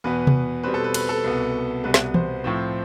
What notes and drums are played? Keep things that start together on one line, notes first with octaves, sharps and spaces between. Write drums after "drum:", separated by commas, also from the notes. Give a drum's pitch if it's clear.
E2 B2 B3 B4
drum: tom C3
B2 G3 C4 B4
A4
B4
B4, drum: cymbal
A4
C2 B2 B3
C2 B2 G3 B3 B4
drum: snare
C5, drum: tom
A2 F3 C4